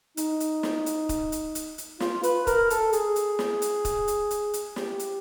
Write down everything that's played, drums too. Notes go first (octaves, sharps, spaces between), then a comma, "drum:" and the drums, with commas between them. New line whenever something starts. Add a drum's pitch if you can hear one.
D#4, drum: hi-hat
drum: hi-hat
drum: snare
drum: hi-hat
drum: kick D#1, hi-hat
drum: hi-hat
drum: hi-hat
drum: hi-hat
F4, drum: snare
B4, drum: hi-hat
A#4, drum: kick D#1, hi-hat
A4, drum: hi-hat
G#4, drum: hi-hat
drum: hi-hat
drum: snare
drum: hi-hat
drum: kick D#1, hi-hat
drum: hi-hat
drum: hi-hat
drum: hi-hat
G4, drum: snare
drum: hi-hat